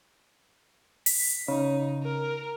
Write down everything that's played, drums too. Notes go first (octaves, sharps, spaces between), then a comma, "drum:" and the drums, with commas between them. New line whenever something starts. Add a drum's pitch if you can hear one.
B6, drum: open hi-hat
C#3 D#4
A#4